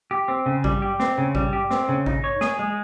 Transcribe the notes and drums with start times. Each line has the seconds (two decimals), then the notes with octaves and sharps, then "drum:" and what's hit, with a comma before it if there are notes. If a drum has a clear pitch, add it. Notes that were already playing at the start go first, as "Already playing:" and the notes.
0.11 G4
0.28 C4
0.46 C#3
0.64 G3, drum: kick A1
0.82 G4
1.00 C4, drum: snare
1.18 C#3
1.35 G3, drum: kick A1
1.53 G4
1.71 C4, drum: snare
1.89 C#3
2.06 D#4, drum: kick A1
2.24 C#5
2.41 G#4, drum: snare
2.59 G#3